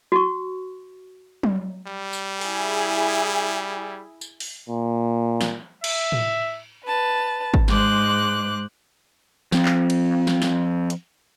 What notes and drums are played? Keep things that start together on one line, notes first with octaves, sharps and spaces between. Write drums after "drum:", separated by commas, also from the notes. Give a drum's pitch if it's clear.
F#4 C#6
drum: tom F#3
G3
drum: tambourine
E4 G#4, drum: open hi-hat
drum: tambourine
drum: open hi-hat
A#2
drum: snare
E5, drum: cymbal
drum: tom A2
B4 A5
drum: kick G#1
G#2 G#3 C5 D6 F#6, drum: snare
F3 C4, drum: snare
drum: clap
drum: cymbal
drum: snare
drum: snare
drum: hi-hat